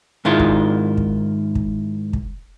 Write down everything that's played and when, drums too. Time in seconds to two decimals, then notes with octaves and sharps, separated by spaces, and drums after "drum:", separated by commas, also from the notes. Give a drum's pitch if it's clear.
0.25 G#2 D#3 E4 F4
0.39 drum: kick
0.97 drum: kick
1.55 drum: kick
2.13 drum: kick